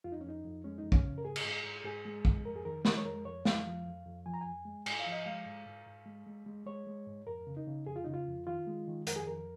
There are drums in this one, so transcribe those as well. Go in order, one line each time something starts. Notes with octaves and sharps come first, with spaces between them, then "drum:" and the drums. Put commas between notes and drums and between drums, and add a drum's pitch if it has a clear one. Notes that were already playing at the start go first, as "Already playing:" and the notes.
F2 F4
D#4
C#4
F2 D#4
F2
G#3 C#4
D#4
F2
C#4, drum: kick
C#3
A#4
G#2 G#4
drum: cymbal
G#2
G#2
G#2 G#4
G#3
G#2, drum: kick
F2 A#4
G#4
D#3 A#4
G#3 A#4, drum: snare
C#5
F2 A#4
F2 C#5
F2 F5, drum: snare
F3
F2
F2
F3 G#5
A#5
F2 G#5
G#3
G#2 G#5, drum: cymbal
F5
F3
D#5
G#3 F5
G#2
G#2
G#2
G#3
G#3
G#3
G#3 C#5
G#3
G#2
F2 A#4
C#3
D#4
C#3
F2 G#4
F4
C#3 D#4
F4
F2
D#3 F4
G#3
D#3
F2 A#4, drum: hi-hat
G#4
F2 A#4